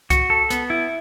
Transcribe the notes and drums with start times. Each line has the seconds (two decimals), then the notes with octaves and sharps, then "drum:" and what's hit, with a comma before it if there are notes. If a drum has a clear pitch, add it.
0.10 F#4, drum: kick C2, hi-hat
0.30 A4
0.50 B3, drum: hi-hat
0.70 E4